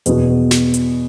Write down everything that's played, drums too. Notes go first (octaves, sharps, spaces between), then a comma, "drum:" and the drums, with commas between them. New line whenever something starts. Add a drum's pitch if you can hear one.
E2 B2 B3, drum: hi-hat
drum: snare
drum: hi-hat